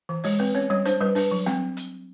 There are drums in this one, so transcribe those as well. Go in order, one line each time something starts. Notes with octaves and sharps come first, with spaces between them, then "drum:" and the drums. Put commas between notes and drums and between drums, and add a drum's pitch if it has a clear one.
E3
G#3 C#5, drum: open hi-hat
C4 B4
C#4 C#5
G3 C#5
D4 C5, drum: hi-hat
G3 B4
D4 B4, drum: open hi-hat
F#3
C4, drum: snare
drum: hi-hat